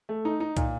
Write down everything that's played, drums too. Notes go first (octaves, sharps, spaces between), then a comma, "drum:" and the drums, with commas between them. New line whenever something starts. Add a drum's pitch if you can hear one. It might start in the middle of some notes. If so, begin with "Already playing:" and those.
A3
D#4
D#4
A#2, drum: kick, hi-hat